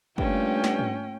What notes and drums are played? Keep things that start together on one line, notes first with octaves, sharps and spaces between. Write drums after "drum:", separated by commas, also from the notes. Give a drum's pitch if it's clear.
G2 A3 A#3 C#4 F4 G5, drum: kick
drum: snare
drum: tom G#2